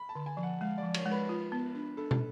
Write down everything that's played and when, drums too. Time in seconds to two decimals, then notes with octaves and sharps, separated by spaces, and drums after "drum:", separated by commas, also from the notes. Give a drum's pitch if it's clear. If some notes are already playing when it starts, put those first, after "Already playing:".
Already playing: B5
0.09 A5
0.15 D3
0.26 G#5
0.37 F3
0.43 F#5
0.61 G#3 F5
0.78 F3 D5
0.94 C#5, drum: cymbal
1.06 G#3
1.12 B4
1.29 F4
1.52 B3
1.75 D4
1.97 D4 A4
2.11 drum: tom